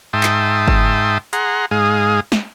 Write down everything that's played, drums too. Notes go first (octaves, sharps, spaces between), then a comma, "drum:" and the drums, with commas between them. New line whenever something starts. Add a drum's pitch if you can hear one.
G#2 E5 G5 A5 C6 D#6
drum: clap
drum: kick G1
G#4 F#5 A#5 C6, drum: hi-hat
G#2 G#3 G#4 F5 D#6
drum: snare